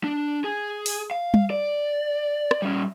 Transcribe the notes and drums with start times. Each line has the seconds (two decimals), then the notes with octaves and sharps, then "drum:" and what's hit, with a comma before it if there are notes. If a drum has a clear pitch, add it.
0.04 D4
0.44 G#4
0.86 drum: open hi-hat
1.11 F5
1.34 drum: tom G3
1.50 D5
2.51 drum: rim click
2.62 G3 C#4